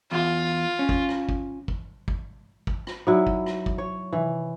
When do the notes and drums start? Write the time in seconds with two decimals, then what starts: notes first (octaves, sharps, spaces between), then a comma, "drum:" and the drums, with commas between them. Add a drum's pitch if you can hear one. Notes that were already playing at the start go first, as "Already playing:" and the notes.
0.12 E2 F4
0.79 C#4
0.89 drum: kick
1.09 drum: rim click
1.29 drum: kick
1.68 drum: kick
2.08 drum: kick
2.67 drum: kick
2.87 drum: rim click
3.07 F#3 D#4 E4 F#4 D5
3.27 drum: kick
3.46 drum: rim click
3.66 drum: kick
3.78 C#5
4.13 C3 D#3 E3